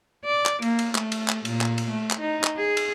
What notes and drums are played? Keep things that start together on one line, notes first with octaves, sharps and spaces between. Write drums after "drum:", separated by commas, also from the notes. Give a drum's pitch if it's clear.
D5
drum: clap
A#3, drum: cymbal
drum: cymbal
A3, drum: clap
drum: cymbal
drum: clap
A#2, drum: cymbal
drum: clap
drum: cymbal
A3
drum: clap
D#4
drum: clap
G#4
drum: cymbal